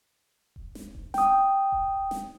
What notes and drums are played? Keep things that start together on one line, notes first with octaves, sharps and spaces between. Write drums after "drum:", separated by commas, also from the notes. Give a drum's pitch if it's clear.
drum: kick D#1
drum: snare
drum: kick D#1
G5 D#6, drum: snare
drum: kick D#1
drum: snare